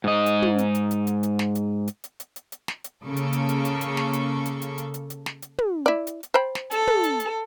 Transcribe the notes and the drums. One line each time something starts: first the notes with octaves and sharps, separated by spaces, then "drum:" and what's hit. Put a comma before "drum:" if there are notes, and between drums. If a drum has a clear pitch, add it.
G#2 D#5
drum: hi-hat
drum: tom
drum: hi-hat
drum: hi-hat
drum: hi-hat
drum: hi-hat
drum: hi-hat
drum: snare
drum: hi-hat
drum: hi-hat
drum: hi-hat
drum: hi-hat
drum: hi-hat
drum: hi-hat
drum: snare
drum: hi-hat
C#3 A#3 A4 C#6
drum: hi-hat
drum: hi-hat
drum: hi-hat
drum: hi-hat
drum: hi-hat
drum: snare
drum: hi-hat
drum: hi-hat
drum: hi-hat
drum: hi-hat
drum: hi-hat
drum: hi-hat
drum: snare
drum: hi-hat
drum: tom
E4 D5
drum: hi-hat
drum: hi-hat
C5 G5 B5
drum: snare
A4, drum: hi-hat
drum: tom
drum: hi-hat
drum: hi-hat